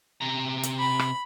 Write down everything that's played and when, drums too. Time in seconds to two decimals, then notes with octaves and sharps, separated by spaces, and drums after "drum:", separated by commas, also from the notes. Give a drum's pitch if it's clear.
0.21 C3 A#5
0.63 drum: hi-hat
0.79 B5
0.99 drum: rim click